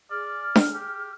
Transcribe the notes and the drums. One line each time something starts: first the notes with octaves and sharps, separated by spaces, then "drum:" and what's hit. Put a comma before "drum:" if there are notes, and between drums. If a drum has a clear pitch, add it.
G#4 D5 F6
drum: snare D4
G4